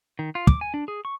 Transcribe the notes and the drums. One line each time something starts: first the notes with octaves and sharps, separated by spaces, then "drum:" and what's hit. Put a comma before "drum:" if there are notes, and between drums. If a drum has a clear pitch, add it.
D#3
F4
D6, drum: kick
G#5
D4
G#4
C#6